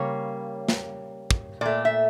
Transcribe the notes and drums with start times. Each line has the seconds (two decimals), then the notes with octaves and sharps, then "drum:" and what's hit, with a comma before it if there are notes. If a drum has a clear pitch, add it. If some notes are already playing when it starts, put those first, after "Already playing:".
Already playing: C#3 G3 A#3 C#5
0.69 drum: snare
1.31 drum: kick
1.61 A#2 A3 D5
1.85 E5